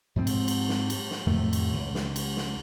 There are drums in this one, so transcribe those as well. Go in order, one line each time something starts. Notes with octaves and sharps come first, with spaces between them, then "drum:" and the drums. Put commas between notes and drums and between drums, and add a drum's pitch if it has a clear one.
G#2 F3 C4
drum: cymbal
drum: cymbal
drum: snare
drum: cymbal
drum: snare
F2 A2 D#3 A3
drum: cymbal
C#2
drum: snare
drum: cymbal
drum: snare